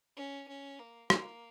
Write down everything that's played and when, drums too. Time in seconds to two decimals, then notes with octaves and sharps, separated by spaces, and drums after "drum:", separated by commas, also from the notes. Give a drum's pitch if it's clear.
0.16 C#4
0.48 C#4
0.79 A#3
1.10 A#3, drum: rim click